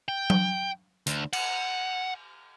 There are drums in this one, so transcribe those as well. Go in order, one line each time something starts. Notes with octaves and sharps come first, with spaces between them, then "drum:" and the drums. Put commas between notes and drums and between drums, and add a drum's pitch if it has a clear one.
G5
drum: tom F#3
D2, drum: hi-hat
F#5, drum: cymbal